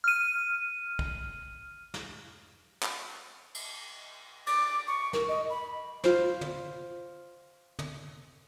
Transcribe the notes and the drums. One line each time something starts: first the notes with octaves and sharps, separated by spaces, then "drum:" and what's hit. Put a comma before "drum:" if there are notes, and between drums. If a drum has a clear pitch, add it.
F6 D#7
drum: kick
drum: snare
drum: clap
drum: cymbal
D6, drum: cymbal
C#6
A#4, drum: snare
D#5
B5
F4 C5, drum: snare
drum: tom
drum: tom